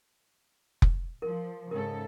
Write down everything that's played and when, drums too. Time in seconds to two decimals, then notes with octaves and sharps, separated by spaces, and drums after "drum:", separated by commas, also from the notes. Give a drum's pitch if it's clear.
0.82 drum: kick F1
1.22 F3 A#4
1.71 G#2 C#3 A4 A#4